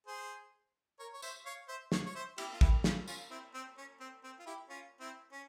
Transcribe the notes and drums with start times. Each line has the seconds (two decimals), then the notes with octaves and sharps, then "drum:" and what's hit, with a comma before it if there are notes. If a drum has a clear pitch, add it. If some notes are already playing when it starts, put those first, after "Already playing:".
0.07 G#4 C5
1.00 A#4 C#5
1.13 C#5
1.22 C5 E5, drum: tambourine
1.46 C#5 F5
1.68 C5 E5
1.92 C#5 F5, drum: snare
2.06 C#5
2.15 C5 E5
2.38 E4 G4, drum: cymbal
2.53 F4
2.61 E4 G4, drum: kick
2.84 C#4 F4, drum: snare
3.08 C#4 F4, drum: tambourine
3.31 C4 E4
3.54 C4
3.78 C#4
4.00 C4
4.24 C4
4.39 F4
4.46 E4 G4
4.69 C#4 F4
5.00 C4 E4
5.32 C#4